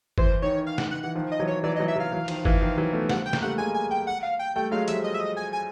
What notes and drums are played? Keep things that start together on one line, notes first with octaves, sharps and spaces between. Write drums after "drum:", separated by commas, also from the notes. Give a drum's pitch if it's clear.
E3 C5, drum: kick G1
D#3 C#5
F5
F#5, drum: snare
F#5
E3 F#5
D#3 F3
D#5
E3 F#3
C#5
E3 F#3 D5
D#5
E3 F#3
E5
E3 F#3
F5
E3 F#3
D#3 F3, drum: cymbal
E3, drum: kick G1
D#3 F3
E3 F#3
A3 B3
F3 G3 F#5, drum: snare
G5
A#3, drum: snare
G3 A3 F#5
G#3 A#3 G#5
G#5
G5
F#5
F5
G5
G3 A3 G5
F#3 G#3 F5
F3 G3 E5, drum: hi-hat
D#5
E5
D#5
G#5
G#5